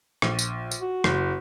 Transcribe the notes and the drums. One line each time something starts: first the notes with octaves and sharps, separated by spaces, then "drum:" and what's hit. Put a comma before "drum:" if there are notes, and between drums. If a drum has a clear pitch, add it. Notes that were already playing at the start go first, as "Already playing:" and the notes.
A#1, drum: rim click
drum: tambourine
drum: tambourine
F#4
F#1, drum: rim click